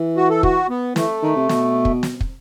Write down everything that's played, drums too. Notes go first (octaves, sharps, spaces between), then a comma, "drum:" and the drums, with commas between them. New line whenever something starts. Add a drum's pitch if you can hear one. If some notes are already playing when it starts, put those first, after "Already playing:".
Already playing: E3
F#4
A4
F#4, drum: kick
B3
E3 A3, drum: snare
D#3
C3
B2, drum: snare
drum: kick
drum: snare
drum: kick